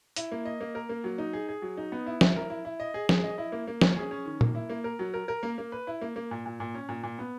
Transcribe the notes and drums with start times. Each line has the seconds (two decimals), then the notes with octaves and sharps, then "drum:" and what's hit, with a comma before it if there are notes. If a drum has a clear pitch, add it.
0.16 E4, drum: hi-hat
0.32 A#3
0.45 D#5
0.61 A#3
0.75 A#4
0.89 A#3
1.04 F#3
1.18 D#4
1.33 G#4
1.49 G#4
1.62 F#3
1.77 D#4
1.92 B3
2.06 E4
2.21 E4, drum: snare
2.36 A#4
2.50 E4
2.65 E4
2.80 D#5
2.94 G#4
3.09 G#4, drum: snare
3.24 D#5
3.38 E4
3.52 A#3
3.67 A#3
3.81 C#4, drum: snare
3.97 G#4
4.11 C#4
4.26 D#3
4.41 A#3, drum: tom A#2
4.55 E4
4.70 A#3
4.84 A#4
4.99 F#3
5.14 A#4
5.28 A#4
5.43 A#3
5.58 A#3
5.72 B4
5.87 E4
6.01 A#3
6.16 A#3
6.31 A#2
6.46 A#2
6.60 A#2
6.74 C#4
6.89 A#2
7.03 A#2
7.19 B3